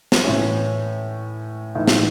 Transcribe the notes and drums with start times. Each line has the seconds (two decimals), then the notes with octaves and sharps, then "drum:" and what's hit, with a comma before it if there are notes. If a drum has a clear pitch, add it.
0.12 drum: snare
0.24 A2 E3 C#4
1.75 A2 E3 D#4
1.87 drum: snare